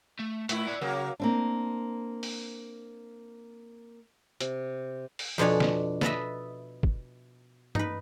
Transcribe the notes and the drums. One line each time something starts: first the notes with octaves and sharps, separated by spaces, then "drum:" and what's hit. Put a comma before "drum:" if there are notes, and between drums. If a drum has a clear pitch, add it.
A3
A2 A3 E4, drum: hi-hat
D5 G#5
C#3 F#3 A#3
A#3 C4 D4
drum: open hi-hat
C3, drum: hi-hat
drum: open hi-hat
F2 B2 D4 C#5 G#5
drum: snare
A4 B4 D#5 E5, drum: snare
drum: kick
D#4 B4, drum: tom G2